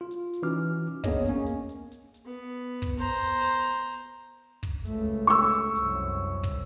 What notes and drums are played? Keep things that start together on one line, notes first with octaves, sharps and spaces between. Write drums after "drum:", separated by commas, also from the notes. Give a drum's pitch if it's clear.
F4
drum: hi-hat
drum: hi-hat
E3 C#4 D#4 F#4 D6 F6
A#3 B3 D4 G#4 C#5 D#5, drum: kick, hi-hat
A#3 C#4, drum: hi-hat
drum: hi-hat
drum: hi-hat
drum: hi-hat
drum: hi-hat
B3
drum: kick, hi-hat
C5 A#5
drum: hi-hat
drum: hi-hat
drum: hi-hat
drum: hi-hat
drum: kick, hi-hat
C#2 A3, drum: hi-hat
C#6 E6
drum: hi-hat
C2 F#2, drum: hi-hat
drum: kick, hi-hat